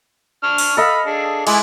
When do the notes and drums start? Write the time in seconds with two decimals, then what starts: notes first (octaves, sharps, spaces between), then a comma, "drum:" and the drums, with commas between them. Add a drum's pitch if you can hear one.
0.43 D4 C#6 F6
0.58 drum: open hi-hat
0.77 A4 D#5 F5 B5
1.06 D4 G#4
1.47 G#3 E4 G#5 D6, drum: cymbal